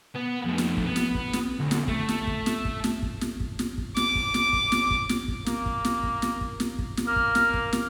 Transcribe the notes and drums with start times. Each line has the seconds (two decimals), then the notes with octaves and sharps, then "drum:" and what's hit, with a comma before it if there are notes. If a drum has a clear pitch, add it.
0.16 B3
0.46 F2 A3
0.58 drum: snare
0.77 drum: kick
0.86 B3
0.96 drum: snare
1.15 drum: kick
1.33 drum: snare
1.60 D2
1.71 drum: snare
1.88 A3, drum: kick
2.09 drum: snare
2.27 drum: kick
2.46 drum: snare
2.65 drum: kick
2.84 drum: snare
3.03 drum: kick
3.21 drum: snare
3.40 drum: kick
3.59 drum: snare
3.78 drum: kick
3.97 D6, drum: snare
4.15 drum: kick
4.34 drum: snare
4.53 drum: kick
4.72 drum: snare
4.91 drum: kick
5.09 drum: snare
5.28 drum: kick
5.46 A#3, drum: snare
5.66 drum: kick
5.85 drum: snare
6.03 drum: kick
6.22 drum: snare
6.41 drum: kick
6.60 drum: snare
6.79 drum: kick
6.97 drum: snare
7.07 A#3 F6
7.16 drum: kick
7.35 drum: snare
7.54 drum: kick
7.73 drum: snare